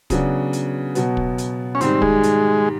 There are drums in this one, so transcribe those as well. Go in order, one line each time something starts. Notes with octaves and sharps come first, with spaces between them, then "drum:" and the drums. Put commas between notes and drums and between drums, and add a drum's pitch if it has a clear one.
C#3 F#3 B3 D4, drum: kick, hi-hat
drum: hi-hat
B2 F#3 B3, drum: hi-hat
drum: kick
drum: hi-hat
C#4
G#2 D#3 G3 C4, drum: hi-hat
G#3, drum: kick
drum: hi-hat